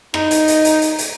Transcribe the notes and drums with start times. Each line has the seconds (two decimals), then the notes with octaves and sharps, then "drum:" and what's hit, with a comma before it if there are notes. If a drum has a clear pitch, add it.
0.14 D#4, drum: rim click
0.31 drum: hi-hat
0.48 drum: hi-hat
0.65 drum: hi-hat
0.82 drum: hi-hat
0.99 drum: hi-hat